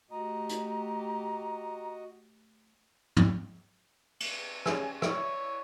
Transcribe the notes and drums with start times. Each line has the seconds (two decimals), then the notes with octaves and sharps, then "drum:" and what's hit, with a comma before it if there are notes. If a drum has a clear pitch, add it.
0.11 A3 F#4 G4 D#5 A#5
0.49 drum: hi-hat
3.16 drum: tom
4.20 drum: cymbal
4.66 C#4 G4 G#4, drum: rim click
5.02 E4 C#5, drum: rim click